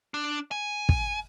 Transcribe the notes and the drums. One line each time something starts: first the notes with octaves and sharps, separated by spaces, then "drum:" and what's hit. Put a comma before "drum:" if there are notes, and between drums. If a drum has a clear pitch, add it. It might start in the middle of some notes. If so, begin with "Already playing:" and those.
D4
G#5
drum: kick